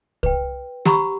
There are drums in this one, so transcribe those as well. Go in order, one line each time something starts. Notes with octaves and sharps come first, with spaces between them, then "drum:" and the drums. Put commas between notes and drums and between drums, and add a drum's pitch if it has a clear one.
B4 G5, drum: kick C2
G4 F#5 A#5 B5 C#6 E6, drum: snare